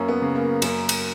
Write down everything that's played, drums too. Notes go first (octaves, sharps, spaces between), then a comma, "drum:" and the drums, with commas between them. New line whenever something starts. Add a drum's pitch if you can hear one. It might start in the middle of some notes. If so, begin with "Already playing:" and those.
Already playing: F#2 A#3 C#4
B3
C#3
A#3
F#2 A#3, drum: cymbal
drum: cymbal